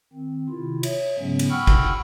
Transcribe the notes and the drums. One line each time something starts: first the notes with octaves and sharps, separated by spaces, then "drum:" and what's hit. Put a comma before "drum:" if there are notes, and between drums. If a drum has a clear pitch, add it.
D#3 C4
C3 D#3 E4 F4
C#5 E5, drum: cymbal
G#2 C#3 F#3 G#3 B3 C#4
drum: cymbal
F#5 G5 B5 C#6 E6 F6
drum: kick